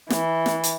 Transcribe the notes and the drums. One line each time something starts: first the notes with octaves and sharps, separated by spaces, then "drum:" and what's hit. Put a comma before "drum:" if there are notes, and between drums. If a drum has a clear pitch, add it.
E3, drum: snare
drum: snare
drum: hi-hat